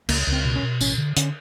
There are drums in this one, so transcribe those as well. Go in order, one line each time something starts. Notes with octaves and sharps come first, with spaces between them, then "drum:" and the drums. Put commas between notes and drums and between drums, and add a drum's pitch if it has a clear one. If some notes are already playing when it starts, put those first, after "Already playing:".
C#2 A#3, drum: cymbal
C#2
C4
B2
C#4
B2
A1 C#4, drum: tambourine
D3
D3 C#4, drum: hi-hat